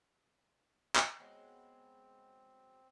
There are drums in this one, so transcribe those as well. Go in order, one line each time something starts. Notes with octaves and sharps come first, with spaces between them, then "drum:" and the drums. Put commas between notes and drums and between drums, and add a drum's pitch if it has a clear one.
drum: clap
F#3 G#3 B3 C4